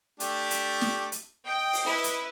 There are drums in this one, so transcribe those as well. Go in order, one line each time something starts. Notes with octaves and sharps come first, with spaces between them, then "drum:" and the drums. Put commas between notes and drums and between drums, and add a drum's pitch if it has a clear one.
A3 D4 G4, drum: hi-hat
drum: hi-hat
drum: snare
drum: hi-hat
D#5 G5
drum: open hi-hat
E4 B4
drum: hi-hat